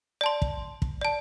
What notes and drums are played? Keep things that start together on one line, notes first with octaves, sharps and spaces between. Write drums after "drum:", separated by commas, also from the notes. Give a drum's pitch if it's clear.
D5 A5 C6
drum: kick
drum: kick
D5 A5